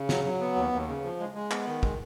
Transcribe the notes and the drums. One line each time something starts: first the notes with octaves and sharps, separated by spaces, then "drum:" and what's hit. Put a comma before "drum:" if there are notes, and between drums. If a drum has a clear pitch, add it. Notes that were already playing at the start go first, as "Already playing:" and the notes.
Already playing: C#3
F#3, drum: snare
F#3
B3
D#2
D#2
C#3
F3
G#3
G#3
B3, drum: clap
D#3
G#3, drum: kick